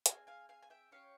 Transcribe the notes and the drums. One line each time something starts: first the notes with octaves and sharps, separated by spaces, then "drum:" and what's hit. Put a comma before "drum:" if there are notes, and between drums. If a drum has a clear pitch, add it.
C4 F4 G#4 F5 G#5, drum: hi-hat
F5 G#5
F5 G#5
G#5
E5 G5
C#4 G4 C#5 F5